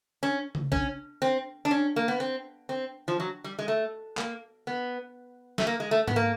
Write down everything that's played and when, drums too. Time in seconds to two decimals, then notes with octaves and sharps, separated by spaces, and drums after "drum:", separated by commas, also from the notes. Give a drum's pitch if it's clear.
0.23 C#4
0.55 drum: tom C#3
0.72 C#4, drum: kick B1
1.22 C4
1.65 D4
1.71 C#4
1.96 A#3
2.08 B3
2.20 C4
2.69 C4
3.08 F3
3.20 F#3
3.44 G3
3.59 G#3
3.68 A3
4.17 A#3, drum: clap
4.67 B3
5.58 A3, drum: snare
5.67 A#3
5.80 G#3
5.91 A3
6.08 B3, drum: tom G#2
6.16 A#3